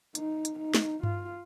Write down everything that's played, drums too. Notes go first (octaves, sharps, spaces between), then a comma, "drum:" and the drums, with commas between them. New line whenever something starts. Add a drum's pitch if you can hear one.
D#4, drum: hi-hat
drum: hi-hat
D#4
drum: snare
F4, drum: tom G2